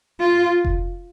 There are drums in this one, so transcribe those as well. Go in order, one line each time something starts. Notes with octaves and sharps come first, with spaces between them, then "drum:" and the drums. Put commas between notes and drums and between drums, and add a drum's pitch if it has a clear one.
F4
drum: kick F1